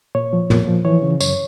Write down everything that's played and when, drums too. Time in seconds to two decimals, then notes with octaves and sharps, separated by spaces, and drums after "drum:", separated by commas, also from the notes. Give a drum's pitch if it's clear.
0.15 A#2 C#5
0.33 F3
0.50 A#2, drum: tom
0.68 F3
0.85 E3 C#5
1.02 C#3
1.21 F#2 C#5, drum: tambourine